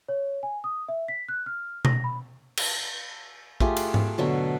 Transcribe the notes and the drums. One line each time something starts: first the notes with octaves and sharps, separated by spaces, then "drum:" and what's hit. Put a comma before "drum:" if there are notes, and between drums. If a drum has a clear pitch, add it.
C#5
G#5
D#6
E5
B6
F#6
F6
A#6, drum: tom B2
B5
drum: cymbal
A3 F4 G4 G#4, drum: kick
drum: cymbal
drum: tom G#2
B2 D3 F#3 A4